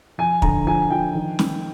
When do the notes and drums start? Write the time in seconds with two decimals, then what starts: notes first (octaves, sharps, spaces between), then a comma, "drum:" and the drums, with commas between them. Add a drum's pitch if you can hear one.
0.18 F2 G#5
0.42 D3 A#5, drum: kick
0.66 F3 G#5
0.90 F3 G5
1.15 D#3
1.39 D#3, drum: snare